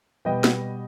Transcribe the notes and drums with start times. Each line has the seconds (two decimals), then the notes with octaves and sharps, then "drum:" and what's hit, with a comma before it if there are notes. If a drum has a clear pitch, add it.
0.25 B2 G3 B3 D#5 G5
0.44 drum: snare